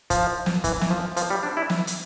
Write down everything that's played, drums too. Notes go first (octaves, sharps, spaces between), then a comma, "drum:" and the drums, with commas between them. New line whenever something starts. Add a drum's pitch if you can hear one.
F3, drum: kick, hi-hat
drum: snare
E3, drum: kick, hi-hat
drum: snare
F3
F3, drum: hi-hat
G3
D4
E4
drum: snare
drum: hi-hat